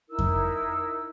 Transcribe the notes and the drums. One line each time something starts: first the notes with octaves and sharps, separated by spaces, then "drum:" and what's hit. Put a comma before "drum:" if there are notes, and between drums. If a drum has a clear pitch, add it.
D#4 E4 A#4 E6
drum: kick F2